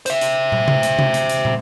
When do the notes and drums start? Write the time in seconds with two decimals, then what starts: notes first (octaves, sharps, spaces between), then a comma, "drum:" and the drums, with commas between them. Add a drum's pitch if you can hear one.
0.06 C5 E5, drum: hi-hat
0.21 drum: hi-hat
0.52 drum: tom
0.68 drum: tom C3
0.83 drum: hi-hat
0.99 drum: tom C3
1.14 drum: hi-hat
1.29 drum: hi-hat
1.45 drum: tom